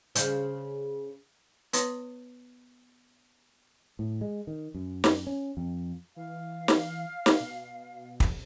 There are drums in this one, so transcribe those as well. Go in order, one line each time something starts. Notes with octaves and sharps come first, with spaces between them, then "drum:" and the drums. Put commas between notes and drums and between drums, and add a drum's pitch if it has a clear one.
C#3 C5, drum: hi-hat
B3 B4 C#5 C6 D#6 A#6, drum: hi-hat
A2
G#3
D#3
F#2
drum: snare
C#4
F2
E3 F5
drum: snare
drum: snare
B2
drum: kick